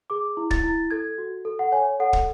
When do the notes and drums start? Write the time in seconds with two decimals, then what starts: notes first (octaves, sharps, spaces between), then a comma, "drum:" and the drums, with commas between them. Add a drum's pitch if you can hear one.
0.10 G#4 D6
0.37 E4
0.51 A6, drum: kick
0.64 E4
0.91 A4 G#6
1.18 F#4
1.45 A4
1.59 F#5
1.72 C#5 G#5
2.00 A4 F#5
2.13 drum: kick